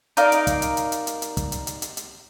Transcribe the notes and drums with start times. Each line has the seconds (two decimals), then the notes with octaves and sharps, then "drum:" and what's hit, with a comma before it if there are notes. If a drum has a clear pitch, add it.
0.17 D#4 A#4 D5 F5, drum: hi-hat
0.32 drum: hi-hat
0.47 drum: kick, hi-hat
0.62 drum: hi-hat
0.77 drum: hi-hat
0.92 drum: hi-hat
1.07 drum: hi-hat
1.22 drum: hi-hat
1.37 drum: kick, hi-hat
1.52 drum: hi-hat
1.67 drum: hi-hat
1.82 drum: hi-hat
1.97 drum: hi-hat